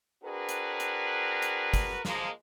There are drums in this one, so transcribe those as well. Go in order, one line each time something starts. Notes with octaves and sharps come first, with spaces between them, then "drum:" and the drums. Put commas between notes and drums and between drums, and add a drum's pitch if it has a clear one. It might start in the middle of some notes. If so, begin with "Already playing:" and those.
C4 D4 F#4 G#4 A#4 B4
drum: hi-hat
drum: hi-hat
drum: hi-hat
drum: kick, hi-hat
F3 G#3 A#3, drum: snare